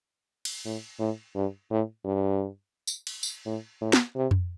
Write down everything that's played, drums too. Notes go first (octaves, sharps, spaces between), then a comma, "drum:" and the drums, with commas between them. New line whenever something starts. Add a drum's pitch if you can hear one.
drum: cymbal
A2
A2
G2
A2
G2
drum: tambourine
drum: cymbal
drum: tambourine
A2
A2
drum: snare
C3
drum: tom F2